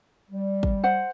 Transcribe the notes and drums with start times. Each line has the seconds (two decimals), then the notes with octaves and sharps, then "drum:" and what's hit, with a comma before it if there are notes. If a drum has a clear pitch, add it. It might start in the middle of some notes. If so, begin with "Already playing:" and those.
0.30 G3
0.63 drum: kick
0.84 C5 F#5